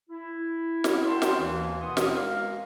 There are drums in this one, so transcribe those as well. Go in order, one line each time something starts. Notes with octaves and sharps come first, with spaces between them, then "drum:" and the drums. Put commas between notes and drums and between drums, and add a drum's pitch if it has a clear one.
E4
drum: snare
A#4 C#5 F#5 G5 A5 C6
drum: snare
D#2 E3
B2 E4 B4 F#5 C6 D#6
drum: snare
G#3 A#4 F5